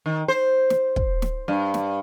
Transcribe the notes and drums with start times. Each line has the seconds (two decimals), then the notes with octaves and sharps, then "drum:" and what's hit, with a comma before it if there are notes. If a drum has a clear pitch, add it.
0.06 D#3
0.28 C5
0.70 drum: snare
0.96 drum: kick
1.22 drum: snare
1.48 G2
1.74 drum: snare